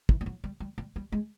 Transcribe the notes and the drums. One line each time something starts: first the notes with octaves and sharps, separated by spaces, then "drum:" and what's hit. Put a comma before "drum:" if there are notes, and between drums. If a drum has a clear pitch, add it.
E3, drum: kick
G3
F#3
G3
G3
G3
G3
G#3